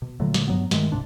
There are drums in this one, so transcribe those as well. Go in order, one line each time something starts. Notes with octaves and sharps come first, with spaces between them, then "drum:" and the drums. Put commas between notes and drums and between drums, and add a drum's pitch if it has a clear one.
B2
A#2 D3 F#3 A3
drum: snare
G2 F#3 B3
G2 D#3 G#3 A3, drum: snare
D1 G#2 C3 D4